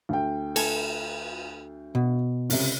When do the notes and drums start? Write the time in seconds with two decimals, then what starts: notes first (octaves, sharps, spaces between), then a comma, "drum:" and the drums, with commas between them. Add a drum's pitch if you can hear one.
0.09 D2 G5
0.56 A4 G#5, drum: cymbal
1.95 B2
2.50 C#2 C3, drum: open hi-hat